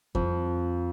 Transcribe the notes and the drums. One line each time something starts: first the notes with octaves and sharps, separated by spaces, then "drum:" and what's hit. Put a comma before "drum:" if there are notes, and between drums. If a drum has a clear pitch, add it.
F2, drum: kick F2